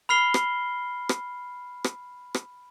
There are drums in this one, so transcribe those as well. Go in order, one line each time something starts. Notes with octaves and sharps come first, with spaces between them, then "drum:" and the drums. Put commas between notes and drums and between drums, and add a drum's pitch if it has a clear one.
B5 F6 C7 G7
drum: rim click
drum: rim click
drum: rim click
drum: rim click